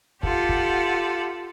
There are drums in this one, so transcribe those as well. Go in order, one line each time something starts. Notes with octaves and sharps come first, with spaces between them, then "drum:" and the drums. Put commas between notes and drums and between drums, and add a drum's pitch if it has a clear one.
F4 G4 A4 F#5, drum: kick
drum: kick